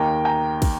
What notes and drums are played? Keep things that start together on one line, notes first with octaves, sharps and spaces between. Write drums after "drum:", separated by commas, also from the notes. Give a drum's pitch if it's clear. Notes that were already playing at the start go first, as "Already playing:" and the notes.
Already playing: D#2 D#3 A#3 G5 A#5
G5 A#5
drum: kick, cymbal